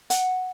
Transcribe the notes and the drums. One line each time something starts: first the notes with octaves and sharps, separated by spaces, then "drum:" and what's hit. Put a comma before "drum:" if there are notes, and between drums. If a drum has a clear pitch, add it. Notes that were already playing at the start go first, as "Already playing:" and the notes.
F#5, drum: hi-hat